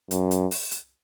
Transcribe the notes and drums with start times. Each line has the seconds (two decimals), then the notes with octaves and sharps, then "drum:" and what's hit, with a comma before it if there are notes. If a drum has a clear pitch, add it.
0.11 F#2, drum: hi-hat
0.31 drum: hi-hat
0.51 drum: open hi-hat
0.71 drum: hi-hat